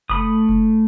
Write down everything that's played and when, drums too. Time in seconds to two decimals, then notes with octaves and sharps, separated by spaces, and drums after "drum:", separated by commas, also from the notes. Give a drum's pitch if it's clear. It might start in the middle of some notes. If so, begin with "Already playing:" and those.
0.10 A3 B5 D#6, drum: kick F#1
0.49 drum: kick F#1